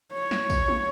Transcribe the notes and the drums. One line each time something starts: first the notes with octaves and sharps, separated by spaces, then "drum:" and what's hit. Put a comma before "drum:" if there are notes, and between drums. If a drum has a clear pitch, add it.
C#5
drum: snare
drum: kick, tambourine
drum: tom